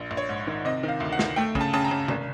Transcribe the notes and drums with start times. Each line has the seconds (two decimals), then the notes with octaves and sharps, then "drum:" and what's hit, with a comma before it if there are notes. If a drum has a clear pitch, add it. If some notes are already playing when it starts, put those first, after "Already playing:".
Already playing: A#1
0.11 A#1
0.17 C#5
0.29 G#2
0.47 D#3
0.65 C3 D#5
0.83 D#3
0.88 F5
1.00 D2
1.12 F#5
1.19 D2, drum: snare
1.36 A3 G5
1.55 C#3, drum: kick
1.61 A5
1.73 C#3 A5
1.84 A#5
1.91 C#3
2.08 G#1, drum: tom C3